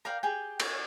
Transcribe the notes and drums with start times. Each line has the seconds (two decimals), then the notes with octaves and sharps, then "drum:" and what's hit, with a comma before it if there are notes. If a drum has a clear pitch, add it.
0.05 A#4 D5 F5 G5
0.23 G4 G#4 G5
0.60 C#5 D5, drum: cymbal